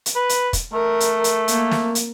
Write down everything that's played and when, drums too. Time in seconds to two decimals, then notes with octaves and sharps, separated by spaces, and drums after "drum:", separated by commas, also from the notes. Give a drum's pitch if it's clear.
0.06 drum: hi-hat
0.15 B4
0.29 drum: hi-hat
0.53 drum: kick, hi-hat
0.73 A3 A#4
1.00 drum: hi-hat
1.24 drum: hi-hat
1.48 A#3, drum: hi-hat
1.71 drum: snare
1.95 drum: hi-hat